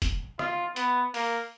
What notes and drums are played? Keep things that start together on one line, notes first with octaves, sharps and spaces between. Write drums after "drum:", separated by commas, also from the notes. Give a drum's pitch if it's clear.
drum: kick, hi-hat
F4, drum: rim click
B3, drum: hi-hat
A#3, drum: open hi-hat